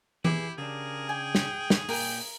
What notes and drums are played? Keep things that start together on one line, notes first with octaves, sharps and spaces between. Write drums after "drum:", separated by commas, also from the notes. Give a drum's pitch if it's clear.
E4 G4 G#4 B4, drum: tom E3
C#3 D4 G#4 A#4
G5 G#5
drum: snare
drum: snare
A#2 A#4 G5 G#5, drum: open hi-hat